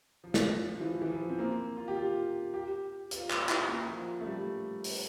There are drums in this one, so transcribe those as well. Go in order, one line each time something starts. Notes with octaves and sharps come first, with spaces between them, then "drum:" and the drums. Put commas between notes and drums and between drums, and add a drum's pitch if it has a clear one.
F3
drum: snare
F3
E3
E3
F3
C4
A#3
F4
G4
F4
G4
F4, drum: hi-hat
F4, drum: clap
E4, drum: clap
A#3
F3
A3
G3
drum: open hi-hat